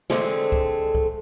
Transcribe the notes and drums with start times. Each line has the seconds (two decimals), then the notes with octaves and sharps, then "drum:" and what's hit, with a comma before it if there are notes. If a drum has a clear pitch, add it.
0.10 D3 G#3 A3 C4, drum: snare
0.52 drum: kick
0.95 drum: kick